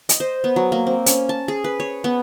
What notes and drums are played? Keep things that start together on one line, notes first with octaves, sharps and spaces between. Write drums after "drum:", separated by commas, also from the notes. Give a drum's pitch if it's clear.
D#5, drum: hi-hat
C5
B3
F#3
A#3
C4
C#4, drum: hi-hat
A5
G#4
B4
C#5
B3